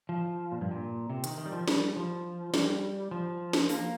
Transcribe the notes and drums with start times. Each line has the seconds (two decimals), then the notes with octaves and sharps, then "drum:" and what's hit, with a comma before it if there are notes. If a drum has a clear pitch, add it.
0.09 F3
0.52 A#2
0.61 G2
0.71 A#2
1.10 C3
1.24 D#3, drum: hi-hat
1.38 D#3
1.46 G3
1.52 F3
1.68 G3, drum: snare
1.96 F3
2.54 G3, drum: snare
3.11 F3
3.53 drum: snare
3.69 A#3, drum: open hi-hat